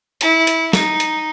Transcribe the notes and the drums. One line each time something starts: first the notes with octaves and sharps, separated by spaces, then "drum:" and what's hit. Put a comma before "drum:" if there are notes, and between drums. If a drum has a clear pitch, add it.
E4, drum: hi-hat
drum: hi-hat
D#4, drum: snare
drum: hi-hat